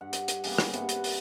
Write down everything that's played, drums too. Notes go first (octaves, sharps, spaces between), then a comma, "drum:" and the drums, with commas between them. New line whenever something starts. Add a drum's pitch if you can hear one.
G2 F#5
drum: hi-hat
drum: hi-hat
C#3 G3 A#3 B3, drum: open hi-hat
drum: rim click
G2 C3 B4 F#5, drum: hi-hat
drum: hi-hat
drum: open hi-hat